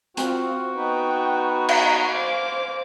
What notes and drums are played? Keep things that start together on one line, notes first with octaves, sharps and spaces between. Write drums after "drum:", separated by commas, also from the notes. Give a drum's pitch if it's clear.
C4 F4 F#4, drum: hi-hat
B3 D#4 B4 G5
A#5, drum: cymbal
C5 F5 D6